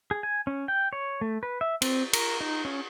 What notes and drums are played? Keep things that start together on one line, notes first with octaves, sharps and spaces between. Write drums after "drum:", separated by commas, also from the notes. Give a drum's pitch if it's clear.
G#4
G#5
C#4
G5
C#5
A3
B4
E5
C4, drum: cymbal
A#4, drum: cymbal
D#4
C#4